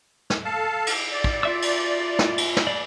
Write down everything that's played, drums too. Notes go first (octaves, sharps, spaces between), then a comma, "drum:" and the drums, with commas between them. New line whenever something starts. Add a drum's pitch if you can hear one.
drum: snare
A4 F5 A5
drum: cymbal
D5
drum: kick
F4 E5 E6
drum: cymbal
drum: snare
drum: cymbal
drum: snare
D5